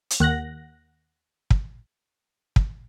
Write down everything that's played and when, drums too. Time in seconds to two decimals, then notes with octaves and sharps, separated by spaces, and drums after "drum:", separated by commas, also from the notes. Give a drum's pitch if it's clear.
0.10 drum: hi-hat
0.20 D#2 F#5 F#6 A#6
1.50 drum: kick
2.56 drum: kick